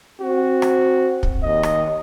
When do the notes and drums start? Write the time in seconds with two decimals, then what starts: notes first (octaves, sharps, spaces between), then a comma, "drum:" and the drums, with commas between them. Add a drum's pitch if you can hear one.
0.21 C4 F#4
0.62 drum: rim click
1.23 drum: kick
1.43 D#2 D#5
1.63 drum: rim click